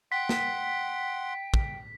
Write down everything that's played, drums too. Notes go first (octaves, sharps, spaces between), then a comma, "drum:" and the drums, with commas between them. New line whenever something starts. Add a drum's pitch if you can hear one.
F#5 G5 C6 B6
drum: snare
drum: kick